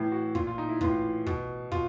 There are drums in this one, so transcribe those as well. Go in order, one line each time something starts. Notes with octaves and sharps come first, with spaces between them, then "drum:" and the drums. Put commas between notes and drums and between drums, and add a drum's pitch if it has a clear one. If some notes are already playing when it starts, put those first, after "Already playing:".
Already playing: A2 E3
F#4
A#2 F4, drum: kick
F4
D#4
E4
A2 E3 F4, drum: kick
B2, drum: kick
B2 F4, drum: kick